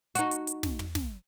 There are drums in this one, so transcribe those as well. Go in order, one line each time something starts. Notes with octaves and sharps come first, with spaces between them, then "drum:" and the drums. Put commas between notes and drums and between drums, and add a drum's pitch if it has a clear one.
D#4 F#4, drum: hi-hat
drum: hi-hat
drum: hi-hat
drum: snare
drum: tom
drum: snare